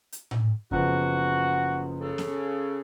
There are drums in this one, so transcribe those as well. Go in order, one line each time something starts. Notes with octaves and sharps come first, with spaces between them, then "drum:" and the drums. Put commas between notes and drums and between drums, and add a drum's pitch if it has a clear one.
drum: hi-hat
drum: tom A2
F#1 F3 B3 F#4, drum: kick F2
C#3 A4
drum: snare B3